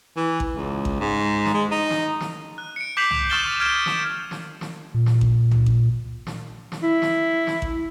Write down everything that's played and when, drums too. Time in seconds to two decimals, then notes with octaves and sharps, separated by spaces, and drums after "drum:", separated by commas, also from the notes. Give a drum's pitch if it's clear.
0.16 E3
0.40 drum: kick A1
0.55 C#2
0.85 drum: kick A1
1.00 G#2
1.45 drum: snare
1.54 G#3
1.71 D#4
1.90 drum: snare
2.20 drum: snare
2.58 F#6
2.76 C#7 D7
2.97 D6 G6 B6 C7 F7 F#7
3.11 drum: tom C2
3.30 C#6 D#6 F6 A6 E7 G7
3.60 F6 G#6 D7 E7
3.86 drum: snare
4.31 drum: snare
4.61 drum: snare
4.94 A#2
5.06 drum: snare
5.21 drum: kick A1
5.51 drum: tom C2
5.66 drum: kick A1
6.27 drum: snare
6.72 drum: snare
6.83 E4
7.02 drum: snare
7.47 drum: snare
7.62 drum: kick A1